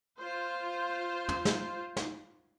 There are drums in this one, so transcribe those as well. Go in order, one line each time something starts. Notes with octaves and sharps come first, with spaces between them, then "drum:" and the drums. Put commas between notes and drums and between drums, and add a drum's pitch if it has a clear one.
F4 C5
drum: tom
drum: snare
drum: snare